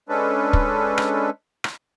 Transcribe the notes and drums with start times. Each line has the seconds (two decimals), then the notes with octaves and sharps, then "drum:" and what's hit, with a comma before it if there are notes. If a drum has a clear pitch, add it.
0.09 G#3 C#4 D4 A4 B4
0.53 drum: kick
0.98 drum: rim click
1.64 drum: rim click